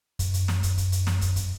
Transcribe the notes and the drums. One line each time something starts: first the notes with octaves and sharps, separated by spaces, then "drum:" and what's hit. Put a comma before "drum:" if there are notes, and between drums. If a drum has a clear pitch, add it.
F#2, drum: kick, hi-hat
drum: hi-hat
drum: snare
drum: kick, hi-hat
drum: kick, hi-hat
drum: hi-hat
drum: snare
drum: kick, hi-hat
drum: kick, hi-hat